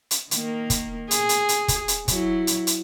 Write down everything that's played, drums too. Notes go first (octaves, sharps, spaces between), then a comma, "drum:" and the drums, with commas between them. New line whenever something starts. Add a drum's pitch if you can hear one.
drum: hi-hat
D#3 A#3, drum: hi-hat
drum: kick, hi-hat
G#4, drum: hi-hat
drum: hi-hat
drum: hi-hat
drum: kick, hi-hat
drum: hi-hat
F#3 E4, drum: kick, hi-hat
drum: hi-hat
drum: hi-hat